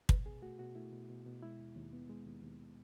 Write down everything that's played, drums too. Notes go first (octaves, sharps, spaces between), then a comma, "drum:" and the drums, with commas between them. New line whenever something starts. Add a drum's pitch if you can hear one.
B2 B4, drum: kick
B2 G#4
A3 F#4
B2 F#4
A3 E4
B2
B2
B2
G#3 E4
D#2
D#2
B3
G#3
D#2
D#2